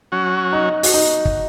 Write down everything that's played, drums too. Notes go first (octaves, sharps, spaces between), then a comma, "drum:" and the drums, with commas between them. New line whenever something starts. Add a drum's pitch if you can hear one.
F#3 C#4 F#4
D#4
F#4, drum: open hi-hat
D#4
drum: kick